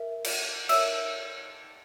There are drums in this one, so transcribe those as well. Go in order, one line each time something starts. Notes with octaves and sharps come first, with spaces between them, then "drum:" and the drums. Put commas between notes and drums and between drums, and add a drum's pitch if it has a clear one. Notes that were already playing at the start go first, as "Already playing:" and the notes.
Already playing: A#4 E5
drum: cymbal
A#4 C#5 E5 E6, drum: cymbal